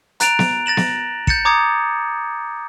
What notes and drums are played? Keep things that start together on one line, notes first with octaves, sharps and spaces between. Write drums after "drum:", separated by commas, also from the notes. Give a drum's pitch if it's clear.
A#5 F#6 A6 D7 E7 F7, drum: hi-hat
drum: snare B3
A6 A#6 E7 F#7
drum: snare B3
G6 A6 C#7 E7, drum: kick
A#5 D6 D#6 G#6 C#7 E7